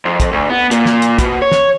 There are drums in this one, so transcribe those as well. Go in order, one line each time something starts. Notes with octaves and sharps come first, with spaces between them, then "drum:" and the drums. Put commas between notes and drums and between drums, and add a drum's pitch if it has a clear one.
F2
drum: kick, hi-hat
D2
B3
A#2, drum: hi-hat
drum: snare
drum: hi-hat
B2, drum: kick, hi-hat
C#5
drum: snare